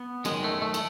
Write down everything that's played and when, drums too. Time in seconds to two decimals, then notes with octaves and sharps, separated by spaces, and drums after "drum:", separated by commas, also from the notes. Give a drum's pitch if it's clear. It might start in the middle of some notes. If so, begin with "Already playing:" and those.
Already playing: B3
0.25 F#2 D#3 G#3, drum: cymbal
0.44 A3
0.62 A3
0.74 drum: cymbal